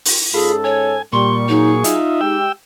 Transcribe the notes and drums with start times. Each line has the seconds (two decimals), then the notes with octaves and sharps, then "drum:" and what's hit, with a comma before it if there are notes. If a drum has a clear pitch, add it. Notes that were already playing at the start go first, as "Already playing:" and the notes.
0.05 drum: open hi-hat
0.34 G#2 C#4 F4 G#4 A4 B5
0.64 C#5 G#5
1.13 A#2 G3 C6 C#6
1.49 F#3 D#4 G#4
1.84 D#4 F4 D#5 E5, drum: hi-hat
2.21 G#3 G4 G5 E6